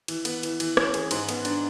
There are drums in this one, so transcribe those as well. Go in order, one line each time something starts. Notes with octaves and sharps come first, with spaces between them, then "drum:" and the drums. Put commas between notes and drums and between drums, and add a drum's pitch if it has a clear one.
E3, drum: cymbal
B3, drum: cymbal
E3, drum: cymbal
E3, drum: cymbal
C#4, drum: rim click
G#4, drum: cymbal
G#2, drum: cymbal
B3, drum: cymbal
D4, drum: cymbal